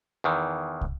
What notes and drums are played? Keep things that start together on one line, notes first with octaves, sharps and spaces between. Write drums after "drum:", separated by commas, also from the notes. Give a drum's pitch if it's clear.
E2 D#3 E3
drum: kick